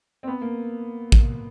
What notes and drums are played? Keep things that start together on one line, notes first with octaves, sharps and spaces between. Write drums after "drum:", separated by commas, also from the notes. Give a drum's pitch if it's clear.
C4
B3
A#3
drum: kick